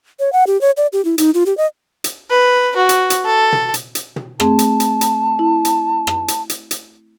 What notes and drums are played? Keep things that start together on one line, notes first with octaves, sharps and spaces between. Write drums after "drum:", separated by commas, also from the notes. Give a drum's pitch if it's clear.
C#5
F#5
G4
C#5
D5
G4
E4
D#4, drum: hi-hat
F4
G4
D#5
drum: hi-hat
B4
F#4
drum: hi-hat
drum: hi-hat
A4
drum: tom
drum: hi-hat
drum: hi-hat
drum: tom
A3 C4 G#4 A5, drum: rim click
drum: hi-hat
drum: hi-hat
drum: hi-hat
E4
drum: hi-hat
drum: rim click
drum: hi-hat
drum: hi-hat
drum: hi-hat